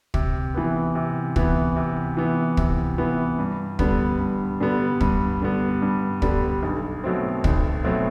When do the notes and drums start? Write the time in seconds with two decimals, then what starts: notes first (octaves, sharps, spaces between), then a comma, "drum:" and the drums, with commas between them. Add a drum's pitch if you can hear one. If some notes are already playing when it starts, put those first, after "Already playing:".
0.14 C3, drum: kick
0.54 E3 B3
0.95 C3
1.36 E3 B3, drum: kick
1.76 C3
2.17 E3 B3
2.57 C3, drum: kick
2.98 E3 B3
3.39 G2
3.79 D3 G3 B3, drum: kick
4.19 G2
4.60 D3 G3 B3
5.01 G2, drum: kick
5.42 D3 G3 B3
5.82 G2
6.22 D3 G3 B3, drum: kick
6.63 B1
7.04 B2 F#3 A3 C4
7.44 B1, drum: kick
7.84 B2 F#3 A3 C4